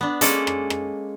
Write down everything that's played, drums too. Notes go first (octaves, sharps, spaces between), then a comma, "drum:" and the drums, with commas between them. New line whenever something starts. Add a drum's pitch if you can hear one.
B3 D4
G#3 A#3 C#4 A4 D5, drum: hi-hat
drum: rim click
drum: rim click